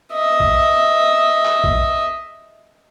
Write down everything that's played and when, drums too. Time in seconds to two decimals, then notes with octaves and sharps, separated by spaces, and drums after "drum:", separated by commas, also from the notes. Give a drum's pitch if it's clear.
0.13 D#5 E5
0.40 drum: kick A#1
1.45 drum: clap
1.64 drum: kick A#1